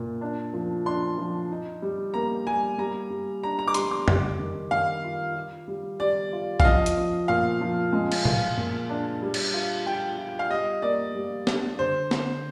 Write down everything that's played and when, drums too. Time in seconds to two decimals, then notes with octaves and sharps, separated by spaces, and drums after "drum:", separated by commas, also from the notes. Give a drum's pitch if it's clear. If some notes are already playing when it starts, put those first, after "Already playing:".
Already playing: A#2
0.21 D4
0.54 F3
0.86 D4 C6
1.18 F3
1.50 D#4
1.82 G3
2.14 A#3 A#5
2.47 G3 G#5
2.78 G3 A#5
3.10 G3
3.43 D4 A#5
3.59 A#5
3.68 D6
3.74 G3 C6, drum: hi-hat
3.91 D6
4.08 G3, drum: tom
4.39 D#3
4.71 D#3 F5
5.04 F4
5.35 F4
5.68 G3
6.00 G3 D5
6.33 F4
6.60 F5, drum: kick
6.64 F3 D#5
6.86 drum: hi-hat
6.97 F3
7.28 A#2 F5
7.61 F3
7.92 G#3
8.12 drum: cymbal
8.25 F4, drum: tom A#2
8.57 A#2
8.89 D4
9.22 G3
9.34 drum: cymbal
9.54 F4
9.86 F4 G5
10.18 F4
10.39 F5
10.50 G3 D#5
10.82 A#3 D5
11.15 G3
11.47 D4, drum: snare
11.79 D3 C5
12.11 C4, drum: snare